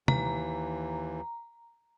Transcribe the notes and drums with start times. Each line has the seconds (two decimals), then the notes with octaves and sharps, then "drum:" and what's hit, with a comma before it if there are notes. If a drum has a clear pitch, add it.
0.08 D#2 E3 A#5, drum: tom